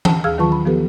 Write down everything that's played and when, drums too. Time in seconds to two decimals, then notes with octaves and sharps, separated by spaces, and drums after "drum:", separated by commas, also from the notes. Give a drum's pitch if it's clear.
0.05 A5, drum: tom E3
0.24 D#2 G#4 F5 E6 F6 G#6
0.38 D#3 F#3 F4 B4 A5 C#6
0.52 B5
0.65 D#3 F3 B3 G4 A4 B4